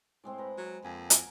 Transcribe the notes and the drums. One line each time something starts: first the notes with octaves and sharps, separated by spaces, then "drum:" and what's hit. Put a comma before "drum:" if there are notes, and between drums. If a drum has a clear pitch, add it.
A2 G#3 C4
B4 A#5
F#3
F2 A#3 F#5 G#5
A#4, drum: hi-hat